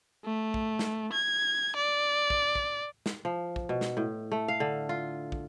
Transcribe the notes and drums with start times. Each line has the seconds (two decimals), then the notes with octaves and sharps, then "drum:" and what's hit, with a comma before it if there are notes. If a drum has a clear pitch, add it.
0.25 A3
0.54 drum: kick
0.79 drum: snare
1.13 G#6
1.76 D5
2.30 drum: kick
2.55 drum: kick
3.06 drum: snare
3.25 F3
3.56 drum: kick
3.69 B2
3.81 drum: snare
3.97 A2
4.32 A3
4.48 F5
4.60 D3
4.89 F4
5.32 drum: kick